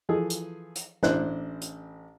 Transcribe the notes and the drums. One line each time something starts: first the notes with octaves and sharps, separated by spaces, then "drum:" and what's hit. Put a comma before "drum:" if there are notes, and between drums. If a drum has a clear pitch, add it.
E3 F3 G#4 A4
drum: hi-hat
drum: hi-hat
A1 D4 E4 C5 F#6, drum: snare
drum: hi-hat